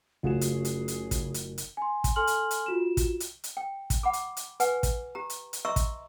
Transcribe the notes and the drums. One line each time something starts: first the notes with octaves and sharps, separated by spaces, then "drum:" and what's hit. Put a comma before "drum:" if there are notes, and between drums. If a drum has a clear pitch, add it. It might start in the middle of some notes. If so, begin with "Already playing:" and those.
F#1 C#3 A3 F4 F#4 G#4 F#5 E7
drum: hi-hat
drum: hi-hat
drum: hi-hat
drum: kick, hi-hat
drum: hi-hat
drum: hi-hat
G#5 C6
drum: kick, hi-hat
A4 G#5 C6 F6 F#7
drum: hi-hat
drum: hi-hat
F4 F#4 E7
drum: kick, hi-hat
drum: hi-hat
drum: hi-hat
G5
drum: kick, hi-hat
F#5 B5 D6
drum: hi-hat
drum: hi-hat
B4 F#5 G#5, drum: hi-hat
drum: kick, hi-hat
G4 A#5
drum: hi-hat
drum: hi-hat
D#5 E5 A#5 C6 C#6 E6
drum: kick, hi-hat